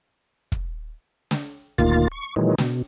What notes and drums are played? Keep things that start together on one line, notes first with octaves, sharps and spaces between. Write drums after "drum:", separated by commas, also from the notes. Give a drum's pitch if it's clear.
drum: kick
drum: snare
D2 A#2 D#3 A#3 F4 A6, drum: kick
C#6
A#2 D#3 E3 F#3 G#3
B2, drum: snare